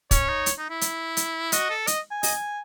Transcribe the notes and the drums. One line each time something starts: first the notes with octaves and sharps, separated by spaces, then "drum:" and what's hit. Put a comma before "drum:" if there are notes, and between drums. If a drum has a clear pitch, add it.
C#4 C#5, drum: kick, hi-hat
D#4
drum: hi-hat
D#4
E4
drum: hi-hat
drum: hi-hat
F#4 D#5, drum: hi-hat
A4
D#5, drum: hi-hat
G#5
D#5, drum: open hi-hat